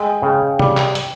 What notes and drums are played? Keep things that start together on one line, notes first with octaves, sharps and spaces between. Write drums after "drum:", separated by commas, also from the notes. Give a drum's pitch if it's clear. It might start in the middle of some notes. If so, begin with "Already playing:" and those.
Already playing: G#3 G5
C#3
G3, drum: tom
drum: clap
drum: hi-hat